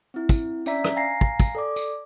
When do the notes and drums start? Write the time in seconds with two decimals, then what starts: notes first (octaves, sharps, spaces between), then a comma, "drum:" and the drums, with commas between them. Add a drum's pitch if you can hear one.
0.14 C4 E4
0.29 drum: kick, tambourine
0.66 C#4 D4 D5 E5 A#5 B6, drum: tambourine
0.84 drum: rim click
0.96 F5 G#5 A#5 A#6 C7
1.21 drum: kick
1.40 drum: kick, tambourine
1.55 A4 D5 D6
1.76 drum: tambourine